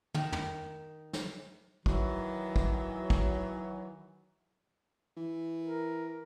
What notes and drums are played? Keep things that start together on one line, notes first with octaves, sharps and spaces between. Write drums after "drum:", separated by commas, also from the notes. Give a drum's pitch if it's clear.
D#3, drum: tom
drum: tom
drum: snare
D#3 E3 F#3, drum: kick
drum: kick
drum: kick
E3
A#4